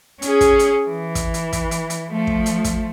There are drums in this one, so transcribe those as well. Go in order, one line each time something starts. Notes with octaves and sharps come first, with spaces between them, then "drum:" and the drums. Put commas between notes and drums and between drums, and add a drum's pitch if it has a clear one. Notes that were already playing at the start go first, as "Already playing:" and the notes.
C#4 G#4, drum: hi-hat
drum: kick, hi-hat
drum: hi-hat
E3
drum: kick, hi-hat
drum: hi-hat
drum: kick, hi-hat
drum: hi-hat
drum: hi-hat
F3 A3
drum: kick
drum: hi-hat
drum: kick, hi-hat